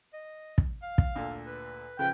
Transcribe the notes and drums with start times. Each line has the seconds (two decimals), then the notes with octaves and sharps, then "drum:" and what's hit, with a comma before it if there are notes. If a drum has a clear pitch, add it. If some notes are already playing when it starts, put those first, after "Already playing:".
0.14 D#5
0.58 drum: kick
0.83 F5
0.98 drum: kick
1.16 D2 A#2 A4
1.47 B4
1.99 C#3 F3 B4 G5